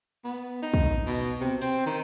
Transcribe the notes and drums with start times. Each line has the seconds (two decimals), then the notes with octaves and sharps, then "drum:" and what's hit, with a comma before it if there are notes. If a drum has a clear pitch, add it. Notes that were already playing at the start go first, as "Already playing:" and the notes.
0.24 B3
0.62 D#4
0.74 drum: kick
1.07 B2, drum: open hi-hat
1.40 C3
1.61 C4, drum: hi-hat
1.86 D#3